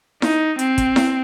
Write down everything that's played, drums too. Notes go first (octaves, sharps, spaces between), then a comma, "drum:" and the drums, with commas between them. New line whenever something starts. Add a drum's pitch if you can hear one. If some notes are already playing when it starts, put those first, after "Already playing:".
D#4, drum: snare E4
C4, drum: hi-hat
drum: kick, hi-hat
drum: snare E4